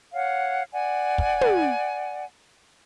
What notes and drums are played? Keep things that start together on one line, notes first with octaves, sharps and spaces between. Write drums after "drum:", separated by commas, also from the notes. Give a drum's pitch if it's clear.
C#5 F5 F#5
D5 F#5 G#5
drum: kick
drum: tom